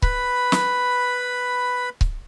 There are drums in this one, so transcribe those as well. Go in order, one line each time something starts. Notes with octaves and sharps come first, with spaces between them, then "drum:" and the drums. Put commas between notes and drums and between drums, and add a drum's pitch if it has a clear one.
B4 B5, drum: kick C#1
drum: snare
drum: kick C#1